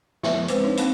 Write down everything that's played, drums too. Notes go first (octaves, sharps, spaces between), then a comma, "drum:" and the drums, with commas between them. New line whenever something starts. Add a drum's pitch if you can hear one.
F3 B3 E5, drum: snare
G#3 C4 B4 C5 D6, drum: hi-hat
D4 D#4 C#5
A#3 C4 C#4 F5 B5, drum: hi-hat